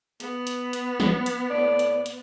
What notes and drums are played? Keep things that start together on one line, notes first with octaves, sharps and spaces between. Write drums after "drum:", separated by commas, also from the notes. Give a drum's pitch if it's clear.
B3, drum: hi-hat
drum: hi-hat
drum: hi-hat
drum: snare
drum: hi-hat
A2 D5
drum: hi-hat
drum: hi-hat